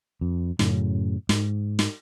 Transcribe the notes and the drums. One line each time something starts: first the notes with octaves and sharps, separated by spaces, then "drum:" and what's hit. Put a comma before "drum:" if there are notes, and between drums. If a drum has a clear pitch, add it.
F2
F#2 A2 C#3, drum: snare
G#2, drum: snare
drum: snare